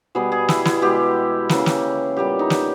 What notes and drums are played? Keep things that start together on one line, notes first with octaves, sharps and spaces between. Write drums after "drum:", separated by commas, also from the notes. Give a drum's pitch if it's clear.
B2 G3 B3 G#4
G#4
E4, drum: snare
E4, drum: snare
B2 G#3 B3 G4
C#3 E3 A#3, drum: snare
drum: snare
A#2 G3 B3 G4
D#4
drum: snare